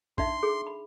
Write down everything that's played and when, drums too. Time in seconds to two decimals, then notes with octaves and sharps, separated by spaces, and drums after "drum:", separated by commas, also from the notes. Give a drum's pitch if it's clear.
0.18 D4 D#4 E5 C6, drum: kick A#1
0.43 G#4
0.67 B5